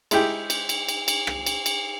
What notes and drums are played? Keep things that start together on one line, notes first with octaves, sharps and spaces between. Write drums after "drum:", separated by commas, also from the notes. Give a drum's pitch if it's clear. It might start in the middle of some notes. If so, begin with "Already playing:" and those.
G#3 D#4 E4 G4 G5, drum: cymbal
drum: cymbal
drum: cymbal
drum: cymbal
drum: cymbal
drum: rim click
drum: cymbal
drum: cymbal